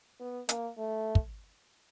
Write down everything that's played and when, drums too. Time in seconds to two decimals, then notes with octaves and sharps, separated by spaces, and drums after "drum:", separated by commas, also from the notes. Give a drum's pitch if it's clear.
0.20 B3
0.49 A#3, drum: hi-hat
0.78 A3
1.15 drum: kick